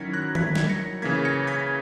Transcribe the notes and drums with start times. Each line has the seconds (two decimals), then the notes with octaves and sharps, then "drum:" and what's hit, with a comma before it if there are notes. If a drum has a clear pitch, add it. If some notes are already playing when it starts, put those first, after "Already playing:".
Already playing: D#3 F#3 C#4 E4 G#6 A#6 B6 C#7
0.13 F#6 A#6
0.35 G#6 B6, drum: tom D#3
0.55 drum: snare
0.69 A#6 C#7
1.02 C#3 E3 A#3 G#6 B6
1.25 A#6 C#7
1.47 G#6 B6